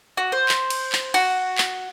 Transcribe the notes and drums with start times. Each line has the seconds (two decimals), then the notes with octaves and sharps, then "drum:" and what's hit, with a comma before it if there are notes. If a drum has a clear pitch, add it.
0.17 F#4
0.32 C5
0.49 drum: clap
0.70 drum: cymbal
0.92 drum: clap
1.14 F#4, drum: cymbal
1.58 drum: clap